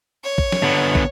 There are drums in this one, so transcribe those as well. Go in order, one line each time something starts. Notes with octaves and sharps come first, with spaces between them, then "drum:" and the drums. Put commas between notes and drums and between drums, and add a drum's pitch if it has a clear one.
C#5
drum: kick
drum: snare
D3 B3
drum: kick